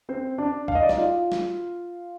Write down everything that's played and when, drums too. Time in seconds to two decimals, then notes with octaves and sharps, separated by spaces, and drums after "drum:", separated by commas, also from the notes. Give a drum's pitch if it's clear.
0.09 C4 C5
0.38 D4 D5
0.68 F5, drum: kick
0.75 D#5
0.83 D5
0.89 D#4 D#5, drum: snare
0.97 F4 F5
1.32 drum: snare